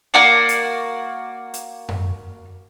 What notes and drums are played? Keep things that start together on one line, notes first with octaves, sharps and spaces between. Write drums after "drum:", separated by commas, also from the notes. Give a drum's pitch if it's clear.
A#3 F#4 D5
drum: hi-hat
drum: hi-hat
drum: tom F#2